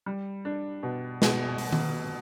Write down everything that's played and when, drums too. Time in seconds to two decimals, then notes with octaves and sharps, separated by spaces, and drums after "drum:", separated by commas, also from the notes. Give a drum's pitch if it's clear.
0.06 G3
0.45 D4
0.83 B2
1.22 B2, drum: snare
1.58 drum: open hi-hat
1.72 drum: tom D#3